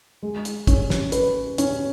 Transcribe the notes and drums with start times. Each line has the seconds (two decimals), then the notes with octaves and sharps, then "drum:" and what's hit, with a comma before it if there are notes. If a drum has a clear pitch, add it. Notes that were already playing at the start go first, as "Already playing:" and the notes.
0.23 G#3
0.45 drum: hi-hat
0.67 C#4, drum: kick, hi-hat
0.90 drum: snare
1.12 B4, drum: hi-hat
1.58 C#4, drum: hi-hat